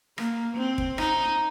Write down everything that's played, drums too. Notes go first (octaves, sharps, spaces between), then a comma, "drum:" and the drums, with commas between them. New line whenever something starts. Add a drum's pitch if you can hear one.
A#3, drum: rim click
C4
drum: kick
D#4, drum: rim click